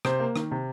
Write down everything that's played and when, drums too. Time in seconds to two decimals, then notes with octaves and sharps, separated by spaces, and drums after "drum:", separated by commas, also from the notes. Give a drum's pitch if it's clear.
0.05 C3 C5, drum: rim click
0.20 A#3
0.36 D#3, drum: rim click
0.51 C3